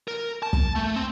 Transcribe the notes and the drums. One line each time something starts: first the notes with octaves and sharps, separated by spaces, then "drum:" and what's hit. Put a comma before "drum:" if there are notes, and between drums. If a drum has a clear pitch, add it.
A#4
A5
drum: kick
A3
C4